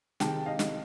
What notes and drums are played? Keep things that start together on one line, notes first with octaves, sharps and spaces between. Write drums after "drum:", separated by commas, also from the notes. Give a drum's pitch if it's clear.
C3 D#3 G#3 G5 A5, drum: snare
D#5 F5
drum: snare